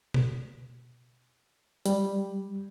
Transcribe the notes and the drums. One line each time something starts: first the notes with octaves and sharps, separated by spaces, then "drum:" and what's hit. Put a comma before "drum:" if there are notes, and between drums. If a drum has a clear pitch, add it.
drum: tom B2
G3, drum: hi-hat